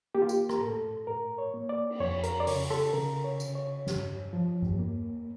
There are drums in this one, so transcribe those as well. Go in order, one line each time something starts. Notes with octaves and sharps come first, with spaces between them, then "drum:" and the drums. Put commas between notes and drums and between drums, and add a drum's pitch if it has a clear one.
A#3 G4
F4
G4, drum: tambourine
A#4, drum: rim click
A2 A4
A2 A#4
C#5
A#3
D5
drum: cymbal
F2 C#5
A#4, drum: hi-hat
D5
C#3 C#5, drum: open hi-hat
A4, drum: rim click
C#3 A#4
C#5
C#3, drum: tambourine
C#5
G2, drum: snare
F3
drum: tom G2
A#3